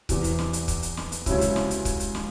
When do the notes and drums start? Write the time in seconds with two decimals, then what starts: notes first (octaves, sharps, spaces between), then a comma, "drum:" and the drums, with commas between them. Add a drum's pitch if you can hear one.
0.09 E2 C3 E3, drum: kick C#1, hi-hat
0.24 drum: hi-hat
0.39 drum: snare
0.53 drum: hi-hat
0.68 drum: kick C#1, hi-hat
0.83 drum: hi-hat
0.97 drum: snare
1.12 drum: hi-hat
1.26 C#2 C3 F#3 C#4 E4, drum: kick C#1, hi-hat
1.41 drum: hi-hat
1.56 drum: snare
1.71 drum: hi-hat
1.85 drum: kick C#1, hi-hat
2.00 drum: hi-hat
2.15 drum: snare